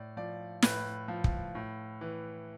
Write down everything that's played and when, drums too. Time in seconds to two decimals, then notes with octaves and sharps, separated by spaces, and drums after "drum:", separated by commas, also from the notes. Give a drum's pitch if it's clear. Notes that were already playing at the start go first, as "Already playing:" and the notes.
Already playing: A2 D5
0.17 F3 D5
0.63 A2 B4, drum: snare
1.08 F3
1.24 drum: kick
1.55 A2
2.01 E3